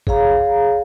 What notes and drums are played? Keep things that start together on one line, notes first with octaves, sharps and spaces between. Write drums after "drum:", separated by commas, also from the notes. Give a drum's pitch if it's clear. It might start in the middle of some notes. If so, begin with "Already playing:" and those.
G#4 C#5 F5 A#5, drum: kick G1